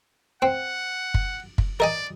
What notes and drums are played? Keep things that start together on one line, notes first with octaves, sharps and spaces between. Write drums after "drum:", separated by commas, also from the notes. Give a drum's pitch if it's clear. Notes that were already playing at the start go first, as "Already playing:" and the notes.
C4 F#5
drum: kick
drum: kick
A#4 D5 D#5 G#5